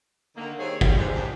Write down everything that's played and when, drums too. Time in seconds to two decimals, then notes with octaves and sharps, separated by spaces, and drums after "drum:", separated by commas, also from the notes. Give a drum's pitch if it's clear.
0.36 D3 D#3 A#3
0.58 D#3 G3 C4 G#4 C#5
0.81 G3, drum: kick
0.97 C3 E3 G#3 D4 D#4
1.10 G#2 E3 F3 A#3 D4 G4